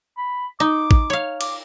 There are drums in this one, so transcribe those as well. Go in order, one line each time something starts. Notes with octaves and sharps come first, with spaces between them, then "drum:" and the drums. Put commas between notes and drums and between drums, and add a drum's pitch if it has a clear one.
B5
D#4 D6
drum: kick A1
C#5 F5
D6, drum: cymbal